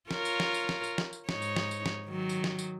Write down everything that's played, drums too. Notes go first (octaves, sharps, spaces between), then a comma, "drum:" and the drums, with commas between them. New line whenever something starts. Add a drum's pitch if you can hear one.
F4 A#4 C#5, drum: snare
drum: tambourine
drum: snare
drum: tambourine
drum: snare
drum: tambourine
drum: snare
drum: tambourine
G#2 D#4 C#5, drum: snare
drum: tambourine
drum: snare
drum: tambourine
drum: snare
D#3 F#3
drum: tambourine
drum: snare
drum: tambourine